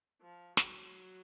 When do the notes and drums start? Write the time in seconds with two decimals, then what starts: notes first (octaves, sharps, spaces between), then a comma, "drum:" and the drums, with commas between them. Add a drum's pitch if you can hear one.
0.21 F3
0.57 F#3, drum: snare